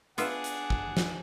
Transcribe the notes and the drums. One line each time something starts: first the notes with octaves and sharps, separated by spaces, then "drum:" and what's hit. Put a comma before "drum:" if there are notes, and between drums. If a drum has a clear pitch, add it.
B3 D4 F4 G#4 E5 F#5, drum: hi-hat
drum: hi-hat
drum: kick
drum: snare